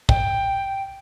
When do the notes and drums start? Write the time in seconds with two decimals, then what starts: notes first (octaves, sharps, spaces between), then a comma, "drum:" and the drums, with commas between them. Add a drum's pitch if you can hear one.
0.09 G5, drum: kick